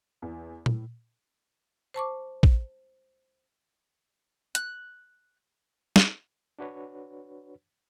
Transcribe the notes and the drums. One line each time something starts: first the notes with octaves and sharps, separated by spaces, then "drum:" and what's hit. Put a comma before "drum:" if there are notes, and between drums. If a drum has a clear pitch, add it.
E2
A2, drum: tom A#2
C5 A5 C#6 D6
drum: kick A#1
F#6, drum: hi-hat
drum: snare
D4 F#4 B4 C#5